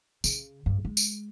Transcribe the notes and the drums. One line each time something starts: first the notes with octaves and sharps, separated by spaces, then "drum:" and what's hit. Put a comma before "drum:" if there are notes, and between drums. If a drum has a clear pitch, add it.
C#3, drum: tambourine
G2
G#3
drum: tambourine